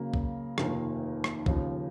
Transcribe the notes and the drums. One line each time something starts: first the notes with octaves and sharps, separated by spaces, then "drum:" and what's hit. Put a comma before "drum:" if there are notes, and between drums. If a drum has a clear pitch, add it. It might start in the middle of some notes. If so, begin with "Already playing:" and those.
Already playing: C#3 F#3 A#3
drum: kick
F1 D#2 D#3 A#3 F4, drum: rim click
drum: rim click
D#2 C#3 F3, drum: kick